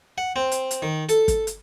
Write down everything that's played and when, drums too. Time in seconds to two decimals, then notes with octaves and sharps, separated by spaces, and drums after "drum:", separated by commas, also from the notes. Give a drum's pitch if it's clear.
0.18 F#5
0.36 C4
0.52 drum: hi-hat
0.71 drum: hi-hat
0.82 D#3
1.09 A4, drum: hi-hat
1.28 drum: kick, hi-hat
1.47 drum: hi-hat